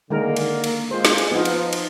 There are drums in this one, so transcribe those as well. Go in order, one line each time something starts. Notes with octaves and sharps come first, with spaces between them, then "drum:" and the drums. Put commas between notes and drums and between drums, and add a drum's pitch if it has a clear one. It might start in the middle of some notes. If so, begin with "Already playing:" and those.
D3 D#3 G#3 A#3 A#4
drum: cymbal
drum: cymbal
G#3 F4 C5
drum: snare
drum: cymbal
F3 B3 D#4 F4
drum: cymbal
drum: cymbal